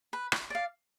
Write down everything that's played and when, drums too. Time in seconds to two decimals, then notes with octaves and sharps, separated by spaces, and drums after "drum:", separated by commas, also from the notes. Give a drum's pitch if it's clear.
0.13 B4
0.32 drum: rim click
0.50 D5 F5